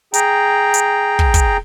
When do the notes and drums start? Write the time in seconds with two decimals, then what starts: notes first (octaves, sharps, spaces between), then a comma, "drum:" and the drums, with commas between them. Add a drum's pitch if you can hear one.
0.14 G#4 G5 A#5, drum: hi-hat
0.74 drum: hi-hat
1.19 drum: kick
1.34 drum: kick, hi-hat